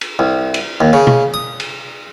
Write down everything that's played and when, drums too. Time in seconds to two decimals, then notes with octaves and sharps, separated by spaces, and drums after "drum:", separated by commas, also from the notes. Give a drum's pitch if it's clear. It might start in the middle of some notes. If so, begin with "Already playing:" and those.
0.01 drum: cymbal
0.19 C2
0.54 drum: cymbal
0.81 D#2
0.93 C#3
1.07 drum: tom B2
1.34 D#6
1.60 drum: cymbal